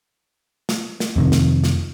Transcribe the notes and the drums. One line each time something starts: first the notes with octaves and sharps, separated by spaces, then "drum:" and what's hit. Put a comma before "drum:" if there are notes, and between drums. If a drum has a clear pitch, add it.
drum: snare
drum: snare
F2 C3 D#3
drum: snare
drum: snare